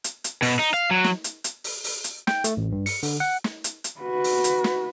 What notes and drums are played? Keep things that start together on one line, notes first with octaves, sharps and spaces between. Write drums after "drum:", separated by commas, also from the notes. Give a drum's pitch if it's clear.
drum: hi-hat
drum: hi-hat
B2, drum: open hi-hat
D#4
F5
F#3
drum: snare
drum: hi-hat
drum: hi-hat
drum: open hi-hat
drum: open hi-hat
drum: hi-hat
G5, drum: snare
A3, drum: hi-hat
A1
G2
C#7, drum: open hi-hat
D3, drum: open hi-hat
F#5
drum: snare
drum: hi-hat
drum: hi-hat
F#4 B4
drum: open hi-hat
drum: hi-hat
drum: snare